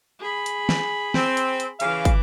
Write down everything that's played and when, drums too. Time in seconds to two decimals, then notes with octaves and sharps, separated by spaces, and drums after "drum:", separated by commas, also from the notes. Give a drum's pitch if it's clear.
0.19 G#4 B5
0.46 drum: hi-hat
0.69 drum: snare
1.14 C4, drum: snare
1.37 drum: hi-hat
1.60 drum: hi-hat
1.80 C#3 E3 F5 D6, drum: hi-hat
2.05 drum: kick, hi-hat